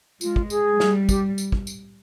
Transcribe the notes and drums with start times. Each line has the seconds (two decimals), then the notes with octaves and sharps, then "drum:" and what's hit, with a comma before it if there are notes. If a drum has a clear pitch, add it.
0.21 G#3 F4, drum: tambourine
0.36 drum: kick
0.50 G#4, drum: tambourine
0.80 G3, drum: snare
1.09 G4, drum: kick, tambourine
1.38 drum: tambourine
1.52 drum: kick
1.67 drum: tambourine